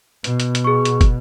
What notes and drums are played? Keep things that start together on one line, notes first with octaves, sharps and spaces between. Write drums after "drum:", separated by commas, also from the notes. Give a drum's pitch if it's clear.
B2, drum: hi-hat
drum: hi-hat
drum: hi-hat
G#4 C#6
drum: hi-hat
drum: kick, hi-hat